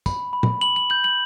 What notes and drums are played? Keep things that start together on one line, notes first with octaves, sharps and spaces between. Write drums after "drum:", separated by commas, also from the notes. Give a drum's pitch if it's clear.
B5, drum: kick, tambourine
B5
drum: tom
B5 F#7
F#7
G6 F#7
F#7